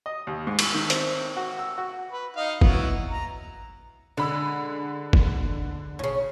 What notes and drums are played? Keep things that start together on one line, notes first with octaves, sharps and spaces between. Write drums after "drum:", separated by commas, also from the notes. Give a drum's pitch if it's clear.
D#5
D#2
G#2
drum: cymbal
D#3
C4, drum: hi-hat
F#4
E6
F#4
B4
D#4 D#5 F5
F#3 B3 E4, drum: kick
A#5
D3 G#3 B5 E6
drum: kick
A2 C#3